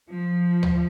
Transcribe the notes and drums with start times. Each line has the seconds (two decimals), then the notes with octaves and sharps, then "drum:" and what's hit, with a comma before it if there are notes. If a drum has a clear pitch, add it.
0.11 F3
0.63 drum: tom D2